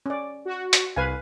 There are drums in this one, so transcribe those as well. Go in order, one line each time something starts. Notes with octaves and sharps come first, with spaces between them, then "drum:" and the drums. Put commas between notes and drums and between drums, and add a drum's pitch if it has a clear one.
C#4 D5
F#4
drum: hi-hat
C2 B4 F5 G#5